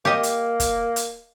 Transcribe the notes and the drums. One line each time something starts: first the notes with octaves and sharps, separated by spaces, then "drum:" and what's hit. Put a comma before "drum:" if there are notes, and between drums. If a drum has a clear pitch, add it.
A#3 G4 D#5
drum: hi-hat
drum: kick, hi-hat
drum: hi-hat